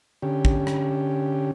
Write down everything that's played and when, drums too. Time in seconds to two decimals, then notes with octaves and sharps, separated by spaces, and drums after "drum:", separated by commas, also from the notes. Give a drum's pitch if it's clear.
0.23 D3 C#4 G4
0.45 drum: kick
0.67 drum: rim click